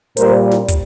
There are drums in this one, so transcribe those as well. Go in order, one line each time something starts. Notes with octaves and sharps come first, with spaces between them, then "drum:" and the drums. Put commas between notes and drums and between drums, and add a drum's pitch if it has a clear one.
A#2 G3 A#4 C5, drum: hi-hat
drum: snare
drum: kick, hi-hat